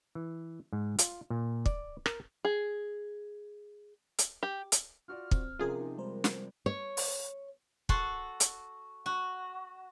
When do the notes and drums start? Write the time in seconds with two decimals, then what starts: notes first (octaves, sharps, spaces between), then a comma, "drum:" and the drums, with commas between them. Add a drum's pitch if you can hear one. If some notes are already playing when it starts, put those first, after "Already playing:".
0.15 E3
0.73 G#2
0.98 F4, drum: hi-hat
1.30 A#2
1.66 D5, drum: kick
2.06 A#4, drum: rim click
2.45 G#4
4.18 drum: hi-hat
4.43 G4
4.72 drum: hi-hat
5.08 F4 F#4 D5 F6
5.31 C4, drum: kick
5.59 C3 F3 C#4 F4 G#4 A#4
5.79 D#4
5.98 G3 G#3 A#4 C5
6.24 drum: snare
6.66 C#5
6.97 drum: open hi-hat
7.89 F#4 A4 C6, drum: kick
8.40 drum: hi-hat
9.06 F#4